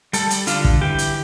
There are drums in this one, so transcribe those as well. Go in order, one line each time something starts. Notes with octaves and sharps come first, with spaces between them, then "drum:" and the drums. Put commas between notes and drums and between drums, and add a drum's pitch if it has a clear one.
G3 A4, drum: hi-hat
drum: hi-hat
D3 F4, drum: hi-hat
drum: kick
E3 G4
drum: hi-hat